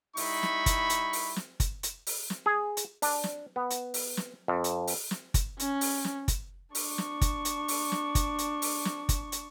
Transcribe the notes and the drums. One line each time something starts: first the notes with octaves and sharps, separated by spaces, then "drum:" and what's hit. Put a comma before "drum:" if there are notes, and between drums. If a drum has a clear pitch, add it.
G3 D#4 E4 B5 C#6, drum: open hi-hat
drum: snare
drum: kick, hi-hat
drum: hi-hat
drum: open hi-hat
drum: snare
drum: kick, hi-hat
drum: hi-hat
drum: open hi-hat
drum: snare
G#4
drum: hi-hat
D4, drum: open hi-hat
drum: snare
B3
drum: hi-hat
drum: open hi-hat
drum: snare
F2
drum: hi-hat
drum: open hi-hat
drum: snare
drum: kick, hi-hat
C#4, drum: hi-hat
drum: open hi-hat
drum: snare
drum: kick, hi-hat
D4 C#6, drum: open hi-hat
drum: snare
drum: kick, hi-hat
drum: hi-hat
drum: open hi-hat
drum: snare
drum: kick, hi-hat
drum: hi-hat
drum: open hi-hat
drum: snare
drum: kick, hi-hat
drum: hi-hat